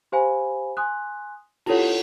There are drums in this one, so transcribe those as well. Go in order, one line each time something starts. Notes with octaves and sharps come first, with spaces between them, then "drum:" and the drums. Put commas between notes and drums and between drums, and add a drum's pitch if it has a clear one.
G4 C5 F5 G#5 B5
G#5 C6 D#6 F#6
E4 F4 G4 A4 C#5 F#5, drum: cymbal